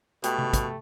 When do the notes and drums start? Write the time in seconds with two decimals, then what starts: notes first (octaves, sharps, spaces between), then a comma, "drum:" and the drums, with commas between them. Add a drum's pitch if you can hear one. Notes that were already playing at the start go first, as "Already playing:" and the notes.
0.24 B2 A3 G4 B5, drum: hi-hat
0.38 drum: tom C3
0.53 drum: kick, hi-hat